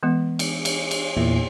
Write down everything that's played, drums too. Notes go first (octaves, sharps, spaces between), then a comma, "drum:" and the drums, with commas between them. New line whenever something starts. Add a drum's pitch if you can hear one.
E3 G#3 B3
drum: cymbal
drum: cymbal
drum: cymbal
E2 A#2 E4